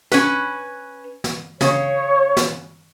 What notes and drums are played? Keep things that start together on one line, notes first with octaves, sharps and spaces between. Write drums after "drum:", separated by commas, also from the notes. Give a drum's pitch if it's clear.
C#4 B4, drum: snare
drum: snare
C#3 C#5, drum: snare
drum: snare